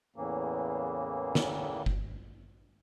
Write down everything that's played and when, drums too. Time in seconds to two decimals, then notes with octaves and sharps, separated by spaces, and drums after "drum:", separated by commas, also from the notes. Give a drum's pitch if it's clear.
0.16 E2 A2 C#3 E3 A#3
1.35 drum: snare
1.86 drum: kick F#1